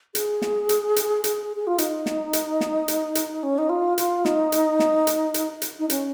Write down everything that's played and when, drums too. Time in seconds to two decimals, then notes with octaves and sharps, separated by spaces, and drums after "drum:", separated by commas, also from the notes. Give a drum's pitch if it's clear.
0.15 G#4, drum: hi-hat
0.42 drum: snare
0.69 drum: hi-hat
0.96 drum: hi-hat
1.24 drum: hi-hat
1.56 G#4
1.67 F4
1.78 D#4, drum: hi-hat
2.06 drum: snare
2.33 drum: hi-hat
2.61 drum: snare
2.88 drum: hi-hat
3.15 drum: hi-hat
3.43 C#4
3.58 D#4
3.69 F4
3.98 F4, drum: hi-hat
4.25 D#4, drum: snare
4.52 drum: hi-hat
4.79 drum: snare
5.07 drum: hi-hat
5.34 drum: hi-hat
5.62 drum: hi-hat
5.79 D#4
5.90 C#4, drum: hi-hat